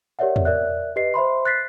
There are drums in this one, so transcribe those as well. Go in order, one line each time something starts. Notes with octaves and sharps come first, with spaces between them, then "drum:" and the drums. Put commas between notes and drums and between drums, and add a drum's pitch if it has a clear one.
G4 A#4 C#5 D5 E5 F#5
drum: tom E2
A#4 D5 E5 F#6
G4 B4 D#5 C7
C5 E5 B5 C6
F#6 A6 B6 C7